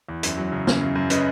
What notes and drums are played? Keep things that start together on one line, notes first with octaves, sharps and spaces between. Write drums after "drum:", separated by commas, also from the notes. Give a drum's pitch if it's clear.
E2
F#2, drum: hi-hat
F#3
C#3
C#3, drum: snare
F#2
F#2
C#3 B4 D#5, drum: hi-hat